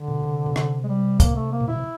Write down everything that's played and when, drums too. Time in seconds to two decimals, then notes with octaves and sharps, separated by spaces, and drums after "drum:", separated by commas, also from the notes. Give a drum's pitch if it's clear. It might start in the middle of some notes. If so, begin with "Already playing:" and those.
Already playing: D3
0.08 B2
0.24 C3
0.46 B2
0.56 C3, drum: rim click
0.84 G#3
0.88 G3
1.20 A#3, drum: kick, hi-hat
1.35 A3
1.52 A#3
1.61 A#2
1.68 B2 E4
1.76 C3